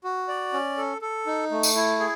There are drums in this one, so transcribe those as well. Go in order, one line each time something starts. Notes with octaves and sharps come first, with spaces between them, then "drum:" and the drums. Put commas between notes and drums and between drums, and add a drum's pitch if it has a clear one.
F#4
D5
C#4
A4
A4
D#4
A3
drum: tambourine
E4
G#4